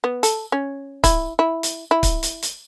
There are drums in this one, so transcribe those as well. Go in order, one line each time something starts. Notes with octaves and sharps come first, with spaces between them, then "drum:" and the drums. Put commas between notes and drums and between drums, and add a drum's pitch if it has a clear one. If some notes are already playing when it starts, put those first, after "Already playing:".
B3
A4, drum: hi-hat
C#4
E4, drum: kick C#1, hi-hat
E4
drum: hi-hat
E4
drum: kick C#1, hi-hat
drum: hi-hat
drum: hi-hat